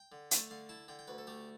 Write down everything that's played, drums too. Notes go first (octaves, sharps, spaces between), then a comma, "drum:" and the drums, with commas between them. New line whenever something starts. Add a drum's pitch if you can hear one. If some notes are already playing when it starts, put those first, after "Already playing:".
Already playing: G5
D3
A3, drum: hi-hat
D3 F5
E4 A5
D3 G5
G5
D2 B4
A4
A3 G4